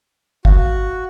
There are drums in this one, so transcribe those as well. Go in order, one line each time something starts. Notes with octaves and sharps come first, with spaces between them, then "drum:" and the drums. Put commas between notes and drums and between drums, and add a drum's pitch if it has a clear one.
F#4 F5, drum: kick